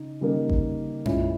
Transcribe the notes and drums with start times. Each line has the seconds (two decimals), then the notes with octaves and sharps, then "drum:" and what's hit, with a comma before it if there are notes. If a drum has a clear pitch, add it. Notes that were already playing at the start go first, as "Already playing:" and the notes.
Already playing: C#3 D#4
0.21 C#3 G3 A#3 D#4
0.49 drum: kick G#1
1.05 A#2 G#3 C#4 E4, drum: tom F#2